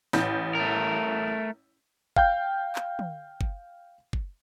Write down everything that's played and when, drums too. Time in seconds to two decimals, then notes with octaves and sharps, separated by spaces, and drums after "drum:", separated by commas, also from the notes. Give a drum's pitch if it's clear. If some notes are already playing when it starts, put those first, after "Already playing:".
0.13 A1 G6, drum: snare
0.55 A3 A#4
2.16 F5 G5 G6, drum: kick F#1
2.76 drum: clap
2.99 drum: tom
3.41 drum: kick F#1
4.13 drum: kick F#1